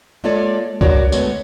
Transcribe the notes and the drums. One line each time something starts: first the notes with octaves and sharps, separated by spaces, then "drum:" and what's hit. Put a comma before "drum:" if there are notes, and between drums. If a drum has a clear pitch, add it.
G#3 A#3 F4 A4 C#5 D5
D4 F#4 A#4 C#5 D5, drum: kick C2
D2 G#3 A3 B3 C#5, drum: tambourine